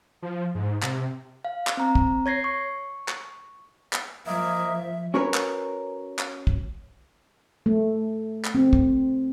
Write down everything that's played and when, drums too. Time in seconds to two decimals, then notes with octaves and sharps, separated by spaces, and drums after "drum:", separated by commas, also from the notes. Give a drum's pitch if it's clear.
0.22 F3
0.55 G#2
0.82 C3, drum: clap
1.45 F5
1.67 drum: clap
1.77 C4 A#5
1.95 drum: kick
2.26 C#5 G#6 A#6 C7
2.44 C#6
3.08 drum: clap
3.93 drum: clap
4.27 F3 A#3 D#5 E5
5.14 C#4 F#4 A#4 B4 C#5
5.34 drum: clap
6.19 drum: clap
6.47 drum: kick
7.66 A3
8.45 drum: clap
8.55 C4
8.73 drum: kick